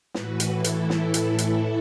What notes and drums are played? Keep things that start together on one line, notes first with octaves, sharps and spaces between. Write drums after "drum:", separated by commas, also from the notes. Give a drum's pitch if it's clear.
A2 E3 F#4 B4, drum: snare
drum: hi-hat
E4 A4
drum: hi-hat
A2 E3, drum: snare
drum: hi-hat
drum: hi-hat